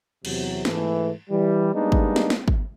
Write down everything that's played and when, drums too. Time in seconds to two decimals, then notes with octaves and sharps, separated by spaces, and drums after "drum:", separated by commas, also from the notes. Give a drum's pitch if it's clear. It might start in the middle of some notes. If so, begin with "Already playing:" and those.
0.25 E2 C3 F#3, drum: cymbal
0.65 G#2 E3 A3, drum: snare
1.30 E3 G3
1.74 G3 G#3 A#3 B3 D4 D#4
1.92 drum: kick
2.16 drum: snare
2.30 drum: snare
2.48 drum: kick